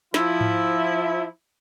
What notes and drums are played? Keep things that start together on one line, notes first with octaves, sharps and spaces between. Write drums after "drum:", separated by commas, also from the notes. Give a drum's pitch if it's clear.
F3 E4, drum: snare
drum: tom G#2